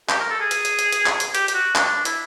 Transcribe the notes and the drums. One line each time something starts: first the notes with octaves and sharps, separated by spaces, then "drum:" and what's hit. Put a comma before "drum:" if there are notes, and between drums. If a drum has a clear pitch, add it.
G4, drum: clap
A#4
A4
G#4
drum: hi-hat
drum: hi-hat
drum: hi-hat
drum: hi-hat
drum: clap
drum: hi-hat
G4, drum: hi-hat
G4, drum: hi-hat
F#4
D4, drum: clap
E4, drum: hi-hat